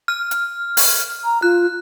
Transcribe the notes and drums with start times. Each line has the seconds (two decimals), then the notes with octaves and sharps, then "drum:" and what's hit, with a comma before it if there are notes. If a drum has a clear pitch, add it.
0.08 F6
0.31 drum: hi-hat
0.77 drum: open hi-hat
1.24 A#5
1.42 F4 F#6